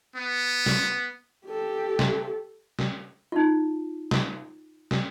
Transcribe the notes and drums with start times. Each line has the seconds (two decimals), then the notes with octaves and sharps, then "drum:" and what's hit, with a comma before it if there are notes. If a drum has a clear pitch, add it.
0.15 B3
0.66 drum: snare
1.46 G4 A4
1.99 drum: snare
2.79 drum: snare
3.32 D#4 F4
4.11 drum: snare
4.91 drum: snare